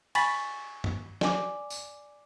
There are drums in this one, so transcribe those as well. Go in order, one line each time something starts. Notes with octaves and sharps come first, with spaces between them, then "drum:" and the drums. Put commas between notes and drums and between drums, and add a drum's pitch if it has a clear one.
G#5 B5 C#6 A6 B6 F#7, drum: cymbal
drum: tom
D5 G#5 D6, drum: snare
drum: tambourine